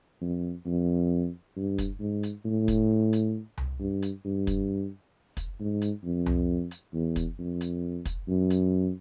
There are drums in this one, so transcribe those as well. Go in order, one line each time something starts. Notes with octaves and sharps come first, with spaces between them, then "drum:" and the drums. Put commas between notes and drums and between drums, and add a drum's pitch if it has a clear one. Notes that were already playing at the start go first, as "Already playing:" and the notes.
F2
F2
G2
drum: kick, hi-hat
G#2
drum: hi-hat
A2
drum: kick, hi-hat
drum: hi-hat
drum: tom C2
G2
drum: hi-hat
G2
drum: kick, hi-hat
drum: kick, hi-hat
G#2
drum: hi-hat
F2
drum: tom C2
drum: hi-hat
E2
drum: kick, hi-hat
F2
drum: hi-hat
drum: kick, hi-hat
F#2
drum: hi-hat